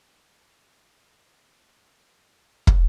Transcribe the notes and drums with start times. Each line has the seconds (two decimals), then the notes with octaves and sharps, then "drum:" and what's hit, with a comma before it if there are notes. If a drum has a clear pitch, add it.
0.19 C5 A5
2.67 drum: kick